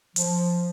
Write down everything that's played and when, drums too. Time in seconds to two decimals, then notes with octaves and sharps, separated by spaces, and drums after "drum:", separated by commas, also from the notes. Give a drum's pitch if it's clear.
0.16 F3, drum: hi-hat